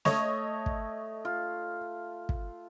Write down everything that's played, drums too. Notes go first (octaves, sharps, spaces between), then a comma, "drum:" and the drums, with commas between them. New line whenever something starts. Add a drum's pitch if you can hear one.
A3 C#5 D#5, drum: snare
drum: kick
F4
drum: kick